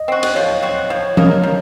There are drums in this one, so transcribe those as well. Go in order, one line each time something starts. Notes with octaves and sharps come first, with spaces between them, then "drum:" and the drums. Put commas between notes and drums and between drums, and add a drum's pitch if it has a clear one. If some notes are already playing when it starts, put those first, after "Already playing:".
Already playing: D#5
C4 F#4
drum: cymbal
F3 C#5
C4 F#4
F3 C#5
A#3 D#4 A#4, drum: tom
F3